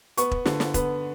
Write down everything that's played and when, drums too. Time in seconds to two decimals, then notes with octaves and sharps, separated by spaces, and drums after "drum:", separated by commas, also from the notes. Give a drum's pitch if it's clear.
0.17 B3 C#6, drum: hi-hat
0.31 drum: kick E1
0.46 D3, drum: snare
0.60 drum: snare
0.74 B3, drum: kick E1, hi-hat